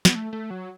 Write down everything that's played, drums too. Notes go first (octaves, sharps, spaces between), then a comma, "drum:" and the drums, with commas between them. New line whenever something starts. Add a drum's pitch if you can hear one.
B3, drum: snare
A3
A3
F#3